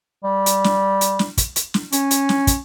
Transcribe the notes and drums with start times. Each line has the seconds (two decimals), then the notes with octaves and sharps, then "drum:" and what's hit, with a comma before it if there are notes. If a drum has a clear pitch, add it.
0.24 G3
0.46 drum: hi-hat
0.64 drum: snare
1.01 drum: hi-hat
1.19 drum: snare
1.37 drum: kick, hi-hat
1.56 drum: hi-hat
1.74 drum: snare
1.92 C#4, drum: hi-hat
2.11 drum: hi-hat
2.29 drum: snare
2.47 drum: kick, hi-hat